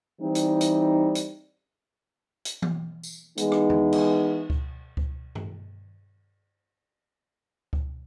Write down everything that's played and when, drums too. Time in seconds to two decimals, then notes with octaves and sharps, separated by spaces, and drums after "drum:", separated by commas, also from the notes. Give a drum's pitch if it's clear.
0.21 E3 G3 C4 D#4
0.35 drum: hi-hat
0.61 drum: hi-hat
1.15 drum: hi-hat
2.45 drum: hi-hat
2.62 drum: tom E3
3.04 drum: tambourine
3.37 E3 G#3 B3 D#4, drum: hi-hat
3.52 drum: rim click
3.70 drum: tom E2
3.93 drum: cymbal
4.50 drum: kick C#2
4.97 drum: kick C#2
5.35 drum: tom G2
7.73 drum: kick C#2